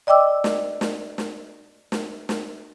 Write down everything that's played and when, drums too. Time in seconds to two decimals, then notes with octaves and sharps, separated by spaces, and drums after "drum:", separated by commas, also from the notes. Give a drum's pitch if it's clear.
0.07 D5 D#5 G5 D6 E6
0.44 drum: snare
0.81 drum: snare
1.18 drum: snare
1.92 drum: snare
2.29 drum: snare